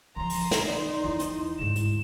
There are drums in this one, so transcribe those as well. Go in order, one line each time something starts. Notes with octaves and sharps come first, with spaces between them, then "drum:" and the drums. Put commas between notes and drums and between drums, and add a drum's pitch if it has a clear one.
E3 F3 A#5 C6
drum: open hi-hat
drum: snare
D#4 D5
E2 E3 E4
drum: hi-hat
D2 G#2 E7
drum: hi-hat